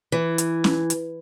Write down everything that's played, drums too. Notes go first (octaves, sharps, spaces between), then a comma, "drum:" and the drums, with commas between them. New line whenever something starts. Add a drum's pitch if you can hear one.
E3
drum: hi-hat
drum: snare
drum: hi-hat